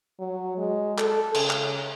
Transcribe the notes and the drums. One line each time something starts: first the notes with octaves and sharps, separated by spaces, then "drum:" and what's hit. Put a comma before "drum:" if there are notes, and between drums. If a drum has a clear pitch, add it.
F#3
G#3
A4, drum: clap
C#3, drum: cymbal
drum: clap